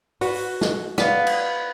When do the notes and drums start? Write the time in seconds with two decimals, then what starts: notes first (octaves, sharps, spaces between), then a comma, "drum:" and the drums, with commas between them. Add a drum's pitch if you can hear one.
0.21 F#4 B4 F#5, drum: open hi-hat
0.61 drum: snare
0.98 B3 D5 F5, drum: snare
1.27 drum: cymbal